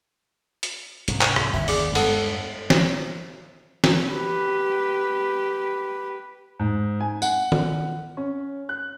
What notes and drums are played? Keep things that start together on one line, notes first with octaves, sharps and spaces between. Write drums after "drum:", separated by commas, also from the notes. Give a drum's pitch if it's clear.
drum: hi-hat
C2 G#2 C3, drum: hi-hat
drum: clap
drum: rim click
G1 D#2 E4
C#3 D5, drum: open hi-hat
G2 G#3 B3 A4, drum: cymbal
drum: snare
drum: snare
G4 B4
G#2
G#5
F#5, drum: tambourine
drum: tom D#3
C#4
F#6